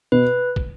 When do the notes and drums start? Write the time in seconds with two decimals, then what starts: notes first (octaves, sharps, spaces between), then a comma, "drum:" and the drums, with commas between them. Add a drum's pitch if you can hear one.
0.12 B2 B4
0.56 drum: kick